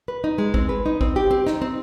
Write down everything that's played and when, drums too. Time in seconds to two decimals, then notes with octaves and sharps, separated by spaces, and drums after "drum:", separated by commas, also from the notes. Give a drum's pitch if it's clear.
0.08 B4
0.24 D#4
0.38 G#3
0.54 C4, drum: kick
0.69 B4
0.86 D#4
1.01 C4, drum: kick
1.16 G4
1.31 C4
1.47 D#4, drum: snare
1.62 C4